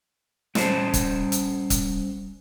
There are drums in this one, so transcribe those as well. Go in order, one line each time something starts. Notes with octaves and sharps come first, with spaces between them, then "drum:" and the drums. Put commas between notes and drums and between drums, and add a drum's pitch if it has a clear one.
G3 C#4 A4 C5 A5, drum: snare
drum: kick C#1, hi-hat
drum: hi-hat
drum: kick C#1, hi-hat